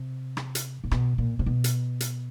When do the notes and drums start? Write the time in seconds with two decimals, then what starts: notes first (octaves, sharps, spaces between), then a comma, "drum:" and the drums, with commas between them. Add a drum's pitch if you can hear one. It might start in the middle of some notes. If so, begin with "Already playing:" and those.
Already playing: C3
0.37 drum: rim click
0.55 drum: hi-hat
0.84 A#2
0.91 B2, drum: rim click
1.18 A#2
1.39 C3
1.46 B2
1.64 drum: hi-hat
2.00 drum: hi-hat